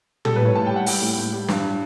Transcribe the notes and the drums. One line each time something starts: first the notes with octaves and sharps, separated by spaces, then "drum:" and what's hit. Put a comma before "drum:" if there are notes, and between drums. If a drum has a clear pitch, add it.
G3 A4, drum: tom
B4
A2 C#5
A2 A5
G5
G3
F#5
G3 G5, drum: open hi-hat
A2
A2
G3
G2, drum: snare